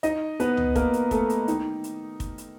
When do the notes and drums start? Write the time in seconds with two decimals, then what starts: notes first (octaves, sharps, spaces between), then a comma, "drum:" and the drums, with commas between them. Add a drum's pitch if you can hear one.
0.03 D#4 D#5, drum: hi-hat
0.40 B3 B4, drum: hi-hat
0.57 drum: tom C#2
0.76 A#3 A#4, drum: kick, hi-hat
0.93 drum: hi-hat
1.11 A3 A4, drum: kick, hi-hat
1.30 drum: hi-hat
1.48 D#3 D#4, drum: hi-hat
1.84 drum: hi-hat
2.20 drum: kick, hi-hat
2.38 drum: hi-hat